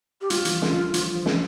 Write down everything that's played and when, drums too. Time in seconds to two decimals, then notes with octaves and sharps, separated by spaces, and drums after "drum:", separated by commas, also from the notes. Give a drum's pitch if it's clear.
0.21 G4
0.30 G3 F4, drum: hi-hat
0.45 E3, drum: hi-hat
0.52 F3
0.62 drum: snare
0.73 D3
0.94 F3, drum: hi-hat
1.15 F3
1.26 drum: snare